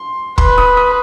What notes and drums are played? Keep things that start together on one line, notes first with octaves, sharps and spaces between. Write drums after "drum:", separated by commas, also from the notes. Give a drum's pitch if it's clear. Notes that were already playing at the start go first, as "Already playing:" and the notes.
Already playing: C6
B4 C6, drum: kick
D#6
D#6